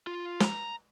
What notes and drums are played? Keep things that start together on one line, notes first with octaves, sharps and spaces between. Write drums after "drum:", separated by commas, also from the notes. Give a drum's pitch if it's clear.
F4
A#5, drum: snare